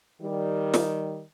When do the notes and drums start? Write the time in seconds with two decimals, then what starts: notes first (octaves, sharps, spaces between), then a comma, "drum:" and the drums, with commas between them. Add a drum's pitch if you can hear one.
0.21 D#3 G3
0.74 drum: snare